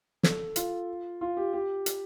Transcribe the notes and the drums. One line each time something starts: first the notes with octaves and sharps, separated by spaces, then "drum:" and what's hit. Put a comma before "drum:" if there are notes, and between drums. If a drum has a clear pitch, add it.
A4, drum: snare
F4, drum: hi-hat
F4
G4
G4
drum: hi-hat